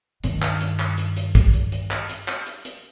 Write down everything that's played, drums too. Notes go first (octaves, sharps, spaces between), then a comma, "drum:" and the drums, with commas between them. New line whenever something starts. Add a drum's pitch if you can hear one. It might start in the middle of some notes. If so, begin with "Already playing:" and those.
G2 D#3, drum: hi-hat
drum: clap
drum: hi-hat
drum: clap
drum: hi-hat
drum: hi-hat
drum: kick, hi-hat
drum: hi-hat
drum: hi-hat
drum: clap
drum: hi-hat
drum: clap
drum: hi-hat
drum: hi-hat